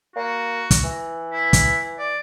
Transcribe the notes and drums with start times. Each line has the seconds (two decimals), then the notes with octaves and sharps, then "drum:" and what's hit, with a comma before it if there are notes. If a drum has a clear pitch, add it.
0.16 A#3 F#4
0.71 drum: kick, hi-hat
0.84 E3
1.32 E4
1.53 drum: kick, hi-hat
1.99 D5